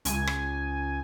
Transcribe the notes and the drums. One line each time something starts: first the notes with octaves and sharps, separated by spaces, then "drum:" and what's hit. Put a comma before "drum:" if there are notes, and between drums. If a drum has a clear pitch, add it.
C#2 G#5, drum: hi-hat
drum: rim click